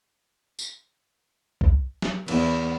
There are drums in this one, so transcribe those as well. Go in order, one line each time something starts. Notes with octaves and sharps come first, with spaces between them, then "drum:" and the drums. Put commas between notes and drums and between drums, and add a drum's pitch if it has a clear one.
drum: tambourine
drum: kick
drum: snare
E2, drum: cymbal